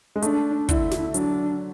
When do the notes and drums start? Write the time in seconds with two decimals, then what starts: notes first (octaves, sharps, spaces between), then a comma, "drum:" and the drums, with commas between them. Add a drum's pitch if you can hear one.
0.16 G#3
0.22 A3 D4, drum: hi-hat
0.69 D3 E4, drum: kick, hi-hat
0.91 drum: snare
1.14 F#3 D4, drum: hi-hat